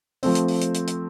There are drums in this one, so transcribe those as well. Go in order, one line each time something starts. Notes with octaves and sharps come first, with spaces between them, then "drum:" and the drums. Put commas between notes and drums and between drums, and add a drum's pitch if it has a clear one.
F3 A3 C4, drum: open hi-hat
drum: hi-hat
drum: open hi-hat
drum: hi-hat
drum: hi-hat
drum: hi-hat